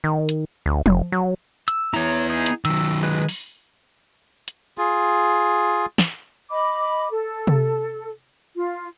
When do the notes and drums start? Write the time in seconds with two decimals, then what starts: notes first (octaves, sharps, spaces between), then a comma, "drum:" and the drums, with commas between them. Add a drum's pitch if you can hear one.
0.04 D#3
0.29 drum: hi-hat
0.66 D2
0.86 F1, drum: tom F3
1.12 F#3
1.68 E6, drum: hi-hat
1.94 B3 E4 C#5 A#5
2.29 D#4 G#4
2.46 drum: hi-hat
2.65 D#3 F#3 E6, drum: hi-hat
3.03 G#3 B4
3.29 drum: open hi-hat
4.48 drum: hi-hat
4.78 F4 G#4
5.98 drum: snare
6.50 D#5 B5 D6
7.10 A4
7.47 drum: tom C3
8.55 F4